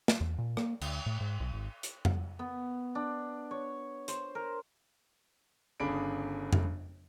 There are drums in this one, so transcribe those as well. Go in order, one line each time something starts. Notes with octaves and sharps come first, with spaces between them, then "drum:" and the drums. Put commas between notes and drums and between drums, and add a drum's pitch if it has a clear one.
drum: snare
E2
A#2
A#3, drum: rim click
D2, drum: cymbal
A2
G#2
B1
G#1
drum: hi-hat
drum: tom F2
B3
D4
C#5
C5, drum: hi-hat
A#4
G1 C#3 D4 G#4 B5 D7
drum: tom F2